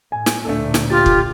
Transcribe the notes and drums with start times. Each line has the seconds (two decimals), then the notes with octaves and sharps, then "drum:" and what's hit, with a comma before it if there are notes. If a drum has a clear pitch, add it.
0.12 A2 G#5
0.26 drum: snare
0.45 D2 A#2 A3 D4 A4
0.74 drum: snare
0.90 F4 G4 A6
1.06 drum: kick